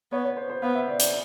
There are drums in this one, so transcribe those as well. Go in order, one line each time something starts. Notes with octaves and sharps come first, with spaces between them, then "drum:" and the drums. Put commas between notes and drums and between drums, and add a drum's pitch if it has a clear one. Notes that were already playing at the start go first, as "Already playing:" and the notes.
B3 C#5
C#5
C5
C5
B3 F5
E5
D5
D5, drum: hi-hat